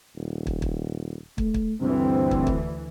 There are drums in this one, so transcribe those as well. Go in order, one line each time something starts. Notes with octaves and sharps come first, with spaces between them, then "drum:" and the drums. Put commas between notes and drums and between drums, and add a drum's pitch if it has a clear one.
D#1
drum: kick
drum: kick
A3, drum: kick
drum: kick
D2 G2 E3 C4
drum: kick
drum: kick